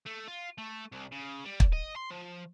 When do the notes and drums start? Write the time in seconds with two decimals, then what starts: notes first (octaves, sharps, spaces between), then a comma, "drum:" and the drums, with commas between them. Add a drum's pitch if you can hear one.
0.06 A3
0.28 F4
0.58 A3
0.92 C2
1.12 C#3
1.45 G3
1.60 drum: kick
1.73 D#5
1.96 C6
2.10 F3